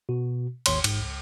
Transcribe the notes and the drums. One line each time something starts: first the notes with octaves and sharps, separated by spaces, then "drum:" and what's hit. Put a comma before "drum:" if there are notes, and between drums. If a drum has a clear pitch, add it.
B2 F#4
G#1 D#2 C#5 C6, drum: cymbal
A1 G#2, drum: cymbal
C#2